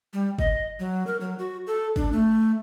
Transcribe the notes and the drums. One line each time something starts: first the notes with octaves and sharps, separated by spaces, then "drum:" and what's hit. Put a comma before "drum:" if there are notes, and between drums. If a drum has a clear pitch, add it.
G3
D#5, drum: kick
F#3
A#4
F#3
F#4
A4
D4, drum: kick
A3